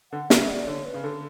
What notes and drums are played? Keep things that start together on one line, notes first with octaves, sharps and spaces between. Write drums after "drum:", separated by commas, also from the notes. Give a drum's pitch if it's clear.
D3 F#5
C#3 E5, drum: snare
D5
D3 C#5
B4
C#3
D3 A4